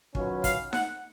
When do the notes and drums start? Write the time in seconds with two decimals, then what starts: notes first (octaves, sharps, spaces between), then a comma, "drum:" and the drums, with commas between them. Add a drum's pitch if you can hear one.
0.15 D#3 F#3 C#4 F4 B4, drum: kick
0.44 F5, drum: kick, hi-hat
0.73 F#5, drum: snare D#4